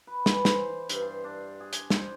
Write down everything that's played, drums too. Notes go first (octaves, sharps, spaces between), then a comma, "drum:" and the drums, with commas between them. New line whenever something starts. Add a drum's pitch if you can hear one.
B4
E3, drum: snare
C5, drum: snare
G2, drum: hi-hat
C6
D4
G#4
G#5, drum: hi-hat
C5, drum: snare